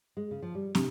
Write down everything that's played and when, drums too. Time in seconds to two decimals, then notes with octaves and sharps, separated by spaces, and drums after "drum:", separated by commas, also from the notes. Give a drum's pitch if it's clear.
0.17 G#3
0.31 C#3
0.42 F3
0.55 G3
0.75 C3, drum: snare